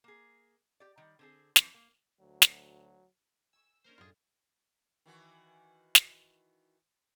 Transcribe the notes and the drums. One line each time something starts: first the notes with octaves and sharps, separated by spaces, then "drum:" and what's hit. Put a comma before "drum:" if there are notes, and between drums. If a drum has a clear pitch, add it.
A#3 G#4
G4 D5
D#3 G3
D3 C4 G#4
E3 F3 C4, drum: snare
A#3
D2 F#3
drum: snare
G#5 C#6 E6
A#3 C#4 D4 A#4 C5
F#2 A2 F#3 F4 G#4
D#3 E3 F#4
drum: snare